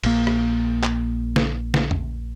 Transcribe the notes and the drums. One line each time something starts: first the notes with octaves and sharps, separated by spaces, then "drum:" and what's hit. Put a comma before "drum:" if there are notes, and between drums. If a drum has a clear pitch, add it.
A#1 A#3, drum: cymbal
drum: rim click
drum: clap
drum: snare
drum: snare
drum: tom